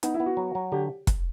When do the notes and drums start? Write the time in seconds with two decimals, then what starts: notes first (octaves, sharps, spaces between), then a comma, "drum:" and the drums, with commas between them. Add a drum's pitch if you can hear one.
0.03 B3 D#4, drum: hi-hat
0.14 E4
0.20 B3
0.26 F#4
0.37 F#3
0.55 F#3
0.72 D3 G4
1.07 drum: kick, hi-hat